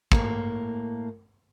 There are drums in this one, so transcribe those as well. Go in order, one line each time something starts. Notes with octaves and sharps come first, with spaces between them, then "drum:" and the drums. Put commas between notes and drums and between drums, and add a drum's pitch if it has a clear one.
A2 A#3, drum: kick